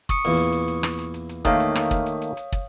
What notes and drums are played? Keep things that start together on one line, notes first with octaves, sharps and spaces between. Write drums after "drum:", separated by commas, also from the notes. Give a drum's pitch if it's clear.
C#6 D#6 C#7, drum: kick, hi-hat
E2 A#2
drum: hi-hat
drum: hi-hat
drum: hi-hat
drum: rim click
drum: hi-hat
drum: hi-hat
drum: hi-hat
D#3 A3 A#3 C#5 F5 D#6, drum: kick, hi-hat
drum: hi-hat
drum: rim click
drum: kick, hi-hat
drum: hi-hat
drum: hi-hat
drum: hi-hat
drum: kick, hi-hat